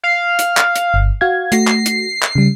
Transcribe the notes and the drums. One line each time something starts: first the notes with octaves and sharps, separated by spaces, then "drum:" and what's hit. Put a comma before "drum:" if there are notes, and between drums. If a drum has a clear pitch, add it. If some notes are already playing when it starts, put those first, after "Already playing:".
F5
drum: hi-hat
drum: clap
drum: hi-hat
G1
F#4 F5 G#6
A3 F#4 A#6 C7, drum: hi-hat
drum: clap
drum: hi-hat
drum: clap
C#3 G3